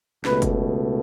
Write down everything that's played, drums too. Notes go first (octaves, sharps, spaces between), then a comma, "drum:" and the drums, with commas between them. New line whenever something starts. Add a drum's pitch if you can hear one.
C#2 B2 A3 B4, drum: snare
drum: kick F#1, hi-hat